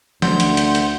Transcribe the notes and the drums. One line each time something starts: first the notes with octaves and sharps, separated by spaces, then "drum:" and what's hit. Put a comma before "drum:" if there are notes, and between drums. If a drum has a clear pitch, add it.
D2 F#5 C6 G6, drum: snare
drum: hi-hat
drum: hi-hat
drum: hi-hat